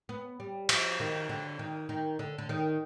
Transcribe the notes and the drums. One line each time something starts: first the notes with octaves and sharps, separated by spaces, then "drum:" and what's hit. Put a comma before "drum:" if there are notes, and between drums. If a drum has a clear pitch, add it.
B3
G3
F3, drum: cymbal
D#3
D3
D#3
D#3
D3
D3
D#3